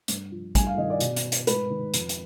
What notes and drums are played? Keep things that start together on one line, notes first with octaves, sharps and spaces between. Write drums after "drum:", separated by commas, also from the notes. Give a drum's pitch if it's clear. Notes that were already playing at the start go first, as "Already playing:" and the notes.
G2, drum: hi-hat
F3
G2 G#5, drum: kick, hi-hat
F5
D#3 D#5
D5
B2, drum: hi-hat
drum: hi-hat
drum: hi-hat
G#2 B4, drum: hi-hat
D#3
F2, drum: hi-hat
drum: hi-hat